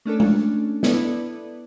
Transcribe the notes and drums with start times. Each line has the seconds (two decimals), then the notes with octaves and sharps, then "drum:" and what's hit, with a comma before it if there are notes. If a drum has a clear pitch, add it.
0.05 A3 C#4 D4 A4
0.20 drum: tom G#3
0.83 B3 E4 A4 B4 D5, drum: snare